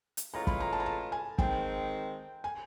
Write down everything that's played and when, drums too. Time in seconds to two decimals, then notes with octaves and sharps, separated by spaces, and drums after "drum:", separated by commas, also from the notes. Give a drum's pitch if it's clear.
0.17 drum: hi-hat
0.34 A2 E3 G#3 C#4 F4 A#5
0.47 B5, drum: kick
0.60 A#5
0.73 A5
0.80 A#5
0.86 A5
1.12 G#5
1.38 D#3 G#3 C4 G5, drum: kick
2.44 G#5